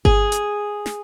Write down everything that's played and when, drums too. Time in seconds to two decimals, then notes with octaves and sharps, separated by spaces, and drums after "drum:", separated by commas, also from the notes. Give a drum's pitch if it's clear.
0.05 G#4, drum: kick G1
0.32 drum: hi-hat
0.86 drum: snare